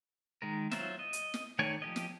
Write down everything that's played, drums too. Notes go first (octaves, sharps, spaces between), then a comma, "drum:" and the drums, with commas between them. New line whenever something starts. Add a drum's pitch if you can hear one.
D#3 G#3 A#4
F#3 F4 C5 E5, drum: snare
D#5
drum: hi-hat
drum: snare
D#3 A3 C#5 D5 G#5
F3 G4 D#5
drum: snare